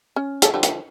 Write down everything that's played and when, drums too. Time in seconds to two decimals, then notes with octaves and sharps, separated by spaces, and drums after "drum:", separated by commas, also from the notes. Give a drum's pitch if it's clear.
0.16 C#4
0.42 G#4 A4, drum: hi-hat
0.54 D3 F3 G3
0.63 drum: hi-hat